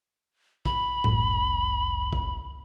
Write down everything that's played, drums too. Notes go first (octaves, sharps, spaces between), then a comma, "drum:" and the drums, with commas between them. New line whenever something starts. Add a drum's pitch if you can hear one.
B5, drum: kick
G1 C#2 F#2, drum: tom A2
drum: kick